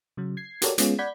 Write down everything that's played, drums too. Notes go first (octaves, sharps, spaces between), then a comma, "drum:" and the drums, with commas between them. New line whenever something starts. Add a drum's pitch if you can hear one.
C#3 F#3
G#6 C7
F#4 G4 A4 A#4 C#5 D5, drum: hi-hat
G#3 B3 C#4 F4 G#4, drum: hi-hat
D5 F#5 B5 G6 G#6 B6